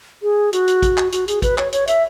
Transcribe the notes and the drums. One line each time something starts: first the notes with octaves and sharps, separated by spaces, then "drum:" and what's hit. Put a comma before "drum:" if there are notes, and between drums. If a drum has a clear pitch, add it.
G#4
F#4, drum: hi-hat
drum: hi-hat
drum: kick, hi-hat
drum: clap
F#4, drum: hi-hat
G#4, drum: hi-hat
B4, drum: kick, hi-hat
C#5, drum: clap
C#5, drum: hi-hat
E5, drum: hi-hat